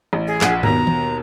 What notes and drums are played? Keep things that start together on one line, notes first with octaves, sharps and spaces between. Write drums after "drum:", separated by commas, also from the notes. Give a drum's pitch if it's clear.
A1
G#4
A#1 F#5, drum: clap
D#2 B2 A#5, drum: tom G2
drum: tom D#3